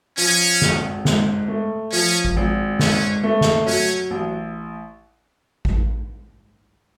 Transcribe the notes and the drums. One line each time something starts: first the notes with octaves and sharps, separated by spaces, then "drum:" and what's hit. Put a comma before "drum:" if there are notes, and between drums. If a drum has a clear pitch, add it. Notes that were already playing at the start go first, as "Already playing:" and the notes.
F3 C#4
G#1, drum: snare
G#2, drum: snare
A3
F3 C#4
drum: kick A1
G#1
G#2 C#4, drum: snare
A3
drum: snare
F#3 C#4
A1
drum: kick A1